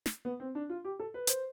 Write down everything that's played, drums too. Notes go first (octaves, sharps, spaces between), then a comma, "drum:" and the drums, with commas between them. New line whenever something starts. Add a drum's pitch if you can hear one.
drum: snare
B3
C4
D4
F4
G4
A4
B4
C5, drum: hi-hat